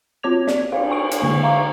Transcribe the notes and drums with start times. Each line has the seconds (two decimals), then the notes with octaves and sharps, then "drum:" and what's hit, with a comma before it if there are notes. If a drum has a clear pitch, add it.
0.23 C4 F4 C#5 D6 G#6 F7
0.48 D5, drum: snare
0.72 F5, drum: cymbal
0.91 G#5 C#6 D7
1.11 drum: hi-hat
1.21 D3 A#3 C#6
1.43 E5 F5 A#5 C#6 D6